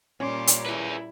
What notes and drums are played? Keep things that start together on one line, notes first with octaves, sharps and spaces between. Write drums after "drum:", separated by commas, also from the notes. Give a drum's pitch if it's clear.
A#2 G3 A#3 C#4 C6 D6
drum: hi-hat
E4 G#4 B4